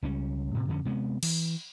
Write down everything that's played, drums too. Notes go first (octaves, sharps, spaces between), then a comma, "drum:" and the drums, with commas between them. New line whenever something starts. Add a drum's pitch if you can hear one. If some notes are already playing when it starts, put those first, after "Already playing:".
C#2 G3 C#4
A2 C3
F2 D3 C4 C#4
C3 G#3 A3 B3
E3, drum: cymbal